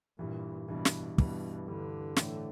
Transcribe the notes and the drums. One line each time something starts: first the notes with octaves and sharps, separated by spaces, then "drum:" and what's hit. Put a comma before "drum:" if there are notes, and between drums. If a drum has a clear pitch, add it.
G2 A#2 E3 G3
G2 B2 E3 G3
drum: snare
G2 B2 E3 G3, drum: kick
G2 D3 E3 G3
A2 E3 A3 D4, drum: snare